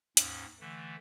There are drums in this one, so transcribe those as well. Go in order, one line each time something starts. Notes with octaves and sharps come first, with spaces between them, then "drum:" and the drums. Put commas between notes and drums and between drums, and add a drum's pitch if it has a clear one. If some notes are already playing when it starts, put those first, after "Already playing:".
D#2 G#2 C#4, drum: hi-hat
D3 E3 A3